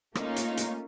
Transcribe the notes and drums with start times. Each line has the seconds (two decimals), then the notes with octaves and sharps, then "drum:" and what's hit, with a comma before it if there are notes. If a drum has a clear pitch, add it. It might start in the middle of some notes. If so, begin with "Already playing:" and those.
0.15 A3 A#3 C#4 D#4 F4, drum: rim click
0.36 drum: hi-hat
0.57 drum: hi-hat